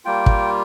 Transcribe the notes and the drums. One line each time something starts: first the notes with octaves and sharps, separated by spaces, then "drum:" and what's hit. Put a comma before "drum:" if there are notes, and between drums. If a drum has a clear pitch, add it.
G3 A#3 F4 G5
drum: kick